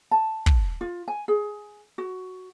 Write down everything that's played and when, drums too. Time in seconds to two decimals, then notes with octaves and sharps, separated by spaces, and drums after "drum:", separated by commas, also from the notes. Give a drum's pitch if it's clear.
0.11 A5
0.46 drum: kick
0.81 F4
1.08 G#5
1.28 G#4
1.98 F#4